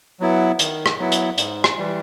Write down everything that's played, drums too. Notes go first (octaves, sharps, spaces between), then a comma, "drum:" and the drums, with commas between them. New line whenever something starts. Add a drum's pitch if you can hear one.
F#3 B3 E4
D#3, drum: hi-hat
drum: rim click
F#3 B3 E4
drum: hi-hat
G#2, drum: hi-hat
drum: rim click
E3 G3